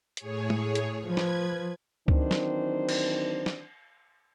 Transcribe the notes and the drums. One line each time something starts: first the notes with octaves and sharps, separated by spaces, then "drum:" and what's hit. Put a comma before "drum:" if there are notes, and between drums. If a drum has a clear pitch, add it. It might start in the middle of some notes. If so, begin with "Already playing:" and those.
A2 G#4 C#5, drum: hi-hat
drum: tom
drum: hi-hat
F3 B4 G#6
drum: snare
D#3 E3 F#3 C4 D4 C5, drum: kick C#2
drum: snare
drum: cymbal
drum: snare